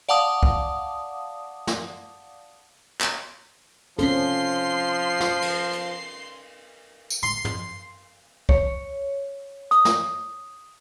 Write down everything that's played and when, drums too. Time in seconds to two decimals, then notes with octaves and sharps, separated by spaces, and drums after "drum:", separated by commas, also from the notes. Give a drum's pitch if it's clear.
0.09 D5 F5 F#5 A5 D6 D#6
0.43 drum: kick
1.67 drum: snare
3.01 drum: clap
3.99 F3 C4 C#4 A4 C6 C7, drum: hi-hat
5.20 drum: snare
5.42 drum: cymbal
5.73 drum: hi-hat
7.10 drum: tambourine
7.23 C6
7.45 drum: tom
8.49 C#5, drum: kick
9.71 D#6, drum: hi-hat
9.85 drum: snare